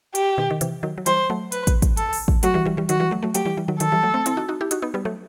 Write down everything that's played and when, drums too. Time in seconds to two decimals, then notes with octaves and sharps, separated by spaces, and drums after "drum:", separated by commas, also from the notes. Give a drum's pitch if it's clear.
0.15 G4, drum: hi-hat
0.38 B2 D#3
0.50 D#3
0.61 C3 E3, drum: hi-hat
0.83 D#3 F#3
0.98 F#3
1.06 E3 G3 C5, drum: hi-hat
1.30 F#3 A3
1.52 B4, drum: hi-hat
1.67 drum: kick, hi-hat
1.82 drum: kick, hi-hat
1.97 A4, drum: hi-hat
2.13 drum: open hi-hat
2.28 drum: kick
2.43 F#3 A3 F#4, drum: hi-hat
2.54 E3 G3
2.65 E3 G3
2.77 E3 G3
2.89 D#3 F#3 F#4, drum: hi-hat
3.00 E3 G3
3.11 F#3 A3
3.23 F#3 A3
3.35 F#3 A3 G4, drum: hi-hat
3.45 E3 G3
3.57 E3 G3
3.68 D#3 F#3
3.80 D#3 F#3 A4, drum: hi-hat
3.92 E3 G3
4.03 F#3 A3
4.14 A3 C4
4.26 C4 E4, drum: hi-hat
4.37 D#4 F#4
4.49 D#4 F#4
4.61 E4 G4
4.71 D#4 F#4, drum: hi-hat
4.82 B3 D#4
4.94 G3 B3
5.05 F#3 A3